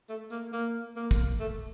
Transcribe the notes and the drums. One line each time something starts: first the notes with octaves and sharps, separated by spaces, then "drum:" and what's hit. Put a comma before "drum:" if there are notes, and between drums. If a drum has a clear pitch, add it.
A3
A#3
A#3
A#3
drum: kick, tambourine
A3